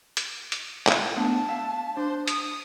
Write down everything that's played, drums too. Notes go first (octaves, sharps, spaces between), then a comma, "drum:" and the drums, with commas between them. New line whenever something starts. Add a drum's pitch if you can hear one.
drum: hi-hat
drum: hi-hat
drum: clap
A3 B3 D4 A5
E5 F5
D4 C5
D#6, drum: hi-hat